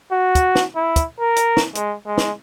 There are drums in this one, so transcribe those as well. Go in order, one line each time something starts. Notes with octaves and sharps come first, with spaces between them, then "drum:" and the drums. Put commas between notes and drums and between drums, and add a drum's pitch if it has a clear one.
F#4
drum: kick, hi-hat
drum: snare
E4
drum: kick, hi-hat
A#4
drum: hi-hat
drum: snare
G#3, drum: hi-hat
G#3
drum: snare